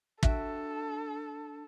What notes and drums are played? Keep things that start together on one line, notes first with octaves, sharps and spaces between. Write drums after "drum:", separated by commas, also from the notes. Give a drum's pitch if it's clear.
D4 F#4 A4 E5 G5, drum: kick